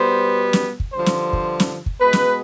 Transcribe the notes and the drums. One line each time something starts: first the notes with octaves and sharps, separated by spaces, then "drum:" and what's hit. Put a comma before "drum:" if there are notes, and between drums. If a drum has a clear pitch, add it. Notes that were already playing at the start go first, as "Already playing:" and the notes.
Already playing: B2 G3 B3 C5
drum: snare
drum: kick
G2 D3 F3 C5
drum: snare
drum: kick
drum: snare
drum: kick
B2 G#3 B3 B4
drum: snare